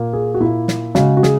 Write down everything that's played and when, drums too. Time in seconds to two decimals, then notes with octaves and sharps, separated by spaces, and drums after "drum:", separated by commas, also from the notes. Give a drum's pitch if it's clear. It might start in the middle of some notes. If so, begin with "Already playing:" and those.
Already playing: A#2 A#3
0.13 G#4
0.34 F#4
0.40 A#2 A#3 E4
0.68 drum: snare
0.95 C#3 G#3 F#4, drum: snare
1.17 F#4
1.23 G#4, drum: snare